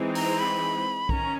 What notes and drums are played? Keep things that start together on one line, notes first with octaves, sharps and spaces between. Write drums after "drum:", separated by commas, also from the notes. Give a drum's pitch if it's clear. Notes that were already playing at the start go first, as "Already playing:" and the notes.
Already playing: E3 G#3 C4 D#4
A#5, drum: open hi-hat
B5
D#3 C#4 A#5, drum: kick B1